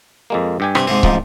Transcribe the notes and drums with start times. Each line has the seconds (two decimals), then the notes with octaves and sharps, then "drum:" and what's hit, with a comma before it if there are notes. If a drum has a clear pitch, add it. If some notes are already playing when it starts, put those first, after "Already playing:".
0.30 F2 G#3 A#3
0.60 G2 G4 G#5
0.75 C3, drum: rim click
0.88 G#2 C3 C4
1.03 A1 F3 D#4, drum: kick